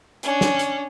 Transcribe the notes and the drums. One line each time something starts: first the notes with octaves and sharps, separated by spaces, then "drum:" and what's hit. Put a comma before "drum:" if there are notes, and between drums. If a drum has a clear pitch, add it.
C#4 D4, drum: hi-hat
drum: snare
drum: hi-hat